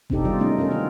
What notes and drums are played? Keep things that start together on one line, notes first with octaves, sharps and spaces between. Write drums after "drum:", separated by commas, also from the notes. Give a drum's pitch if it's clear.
C3 C4 D4 D#4 G4 A4, drum: kick F#1
B2 D#3 F#3 G3 F4 D5
A3 A#3 C#4 D#4 D#5
C#4 D4 A4 A#4 C#5
D#3 A#3 C4 F4 F#4